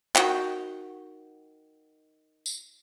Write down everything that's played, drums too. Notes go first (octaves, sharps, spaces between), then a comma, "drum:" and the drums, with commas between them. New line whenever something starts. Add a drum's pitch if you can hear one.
D#3 F#4 G5, drum: clap
drum: tambourine